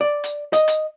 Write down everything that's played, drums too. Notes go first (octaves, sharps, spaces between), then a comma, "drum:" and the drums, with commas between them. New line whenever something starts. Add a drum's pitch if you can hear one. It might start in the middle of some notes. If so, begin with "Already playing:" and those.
D5
drum: hi-hat
D#5, drum: hi-hat
drum: hi-hat